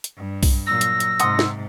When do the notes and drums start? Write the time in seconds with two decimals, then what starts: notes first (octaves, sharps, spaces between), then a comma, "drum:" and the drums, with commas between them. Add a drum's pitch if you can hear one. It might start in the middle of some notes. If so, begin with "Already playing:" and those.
0.04 drum: hi-hat
0.18 G2
0.43 drum: kick B1, open hi-hat
0.66 A#2 F#3 E6 A#6
0.81 drum: hi-hat
1.00 drum: hi-hat
1.20 G#2 C3 F#5 C6 D#6, drum: hi-hat
1.39 drum: snare